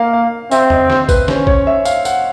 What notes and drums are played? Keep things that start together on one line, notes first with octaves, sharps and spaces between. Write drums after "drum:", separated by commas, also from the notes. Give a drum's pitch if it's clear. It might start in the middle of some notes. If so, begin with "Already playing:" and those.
Already playing: A#3 F5
F5
C4 E5, drum: tambourine
D#5, drum: tom
C5, drum: snare
B4, drum: kick A1, tambourine
C#4 C5, drum: snare
C#5, drum: kick A1
E5
F5, drum: tambourine
F#5, drum: tambourine